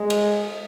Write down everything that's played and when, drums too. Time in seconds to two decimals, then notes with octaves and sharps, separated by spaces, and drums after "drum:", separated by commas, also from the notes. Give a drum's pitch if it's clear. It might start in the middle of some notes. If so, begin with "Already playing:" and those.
Already playing: G#3
0.10 drum: cymbal